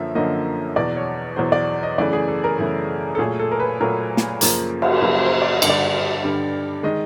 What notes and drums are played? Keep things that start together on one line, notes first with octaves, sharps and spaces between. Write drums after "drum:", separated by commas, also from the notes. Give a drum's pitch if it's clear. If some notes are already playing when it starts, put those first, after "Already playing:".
Already playing: F#2 D3 F3 A#3 E5
F#2 D3 F3 A#3 D#5
E2 B2 F#3 D5
C#5
E2 B2 F#3 C5
D5
D#5
F#2 C#3 E3 A3 D5
G#4
A4
A#4
F#2 C#3 E3 A3
A4
A#2 F#3 A3 G#4
A4
A#4
B4
A#2 F#3 A3 A#4
drum: snare
F#2 C#3 F3 A#3, drum: hi-hat
drum: cymbal
F#2 C#3 F3 A#3 B4
C5
D5
D#5
G2 D3 G3, drum: cymbal
D5
G2 D3 G3
D#3 G#3 D#5